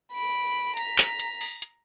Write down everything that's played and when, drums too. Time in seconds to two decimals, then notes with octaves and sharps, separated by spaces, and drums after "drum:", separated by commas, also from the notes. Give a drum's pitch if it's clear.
0.14 B5 D7
0.77 A#5 B6, drum: hi-hat
0.98 drum: clap
1.20 drum: hi-hat
1.41 drum: open hi-hat
1.62 drum: hi-hat